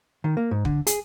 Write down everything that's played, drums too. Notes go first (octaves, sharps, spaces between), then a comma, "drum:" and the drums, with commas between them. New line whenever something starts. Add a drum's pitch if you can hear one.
D#3
A#3
G#2
D3, drum: kick
G#4, drum: hi-hat